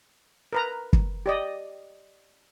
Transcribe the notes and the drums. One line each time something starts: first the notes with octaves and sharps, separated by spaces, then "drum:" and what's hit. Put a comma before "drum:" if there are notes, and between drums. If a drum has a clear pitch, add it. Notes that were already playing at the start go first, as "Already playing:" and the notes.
A#4 B4 A#5
drum: kick
G4 D5 D#5